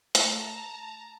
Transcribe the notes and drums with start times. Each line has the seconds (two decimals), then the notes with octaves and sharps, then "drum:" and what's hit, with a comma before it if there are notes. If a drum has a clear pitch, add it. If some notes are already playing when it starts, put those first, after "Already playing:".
0.15 A3 A5 A#5, drum: hi-hat